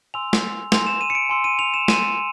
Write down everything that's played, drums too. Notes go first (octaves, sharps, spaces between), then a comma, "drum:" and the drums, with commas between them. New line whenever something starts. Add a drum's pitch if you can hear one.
G#5 C6 E6 F7
drum: snare
G#5 C6 E6 F7, drum: snare
E7
D#7
C#7
D7
G#5 C6 E6
D#7
F7
E7
G#5 C6 E6 D#7, drum: snare